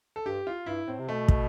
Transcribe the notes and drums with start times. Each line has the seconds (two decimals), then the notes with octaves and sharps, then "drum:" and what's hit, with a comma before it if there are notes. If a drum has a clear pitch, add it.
0.16 A4
0.26 G2 G4
0.47 F4
0.66 G2 E4
0.87 A2 C4
0.99 C3
1.08 B2 A3
1.28 drum: kick